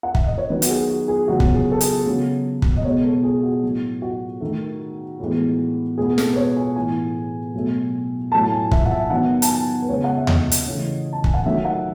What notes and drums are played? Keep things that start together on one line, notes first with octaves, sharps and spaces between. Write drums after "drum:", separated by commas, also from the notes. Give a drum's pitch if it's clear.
F#5
E5, drum: kick
D#5
C#5
D#3 F#3 B3 B4
F#4, drum: hi-hat
G#4
F#4
G#4
C#3 F#3 B3 F#4
drum: kick
G#4
A4
G#4, drum: hi-hat
C#3 F#3 B3
drum: kick
D#5
B2 G#3 B3 C#5
A4
G#4
F#4
A2 F#3 B3
F#4
D#3 A3
A2 E3 G#3 B3
B2 G#3 B3 G#4
A4, drum: snare
B4
C#5
G#5
A2 E3 B3 G#5
B2 F#3 A3
A2 F#3 A3 A5
G#5
E5, drum: kick
F#5
E5
D#3 F#3 B3 F#5
A5, drum: hi-hat
G#5
B4
C#3 G#3 B3 C#5
F#5
E5
D#5, drum: tom D#2
drum: hi-hat
C#3 E3 A3
A5
G#5, drum: kick
F#5
D#3 F#3 A3 E5
F#5